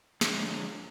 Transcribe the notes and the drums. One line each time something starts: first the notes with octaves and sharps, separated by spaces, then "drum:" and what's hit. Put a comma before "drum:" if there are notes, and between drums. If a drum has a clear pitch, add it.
F2 D3 G#3, drum: snare